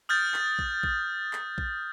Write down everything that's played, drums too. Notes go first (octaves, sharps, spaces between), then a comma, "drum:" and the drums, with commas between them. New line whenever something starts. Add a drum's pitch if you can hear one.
D#6 F6 G6 A6
drum: clap
drum: kick A#1
drum: kick A#1
drum: clap
drum: kick A#1